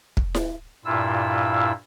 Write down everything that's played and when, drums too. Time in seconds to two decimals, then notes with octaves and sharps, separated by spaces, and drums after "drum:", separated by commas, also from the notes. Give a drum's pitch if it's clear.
0.17 drum: kick
0.35 drum: snare E4
0.85 G2 A#2 E4 F4 E6